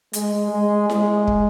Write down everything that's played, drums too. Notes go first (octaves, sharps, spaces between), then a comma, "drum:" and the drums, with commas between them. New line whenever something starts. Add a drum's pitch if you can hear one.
G#3, drum: hi-hat
G#3
G#3, drum: snare E4
drum: kick